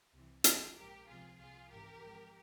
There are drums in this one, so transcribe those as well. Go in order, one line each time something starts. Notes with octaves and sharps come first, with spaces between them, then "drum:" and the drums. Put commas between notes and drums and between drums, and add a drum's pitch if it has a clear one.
C2 C3 E3
F2 C3 F3 F4 G#4, drum: hi-hat
A#1 G#2 F3 G4 A#4
C#2 C3 F3 F4 G#4
C2 A#2 F3 F4 G#4
G#1 G#2 E3 G4 A#4
G#1 G#2 F3